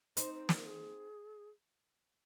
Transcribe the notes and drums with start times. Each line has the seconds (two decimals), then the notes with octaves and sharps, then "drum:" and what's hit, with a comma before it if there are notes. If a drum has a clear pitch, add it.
0.17 C4 D#4 C5, drum: hi-hat
0.34 C5
0.49 A#4, drum: snare
0.66 G#4